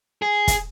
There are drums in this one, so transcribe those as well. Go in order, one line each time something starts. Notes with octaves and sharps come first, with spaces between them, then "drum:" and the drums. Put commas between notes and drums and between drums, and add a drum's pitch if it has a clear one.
G#4
drum: kick, hi-hat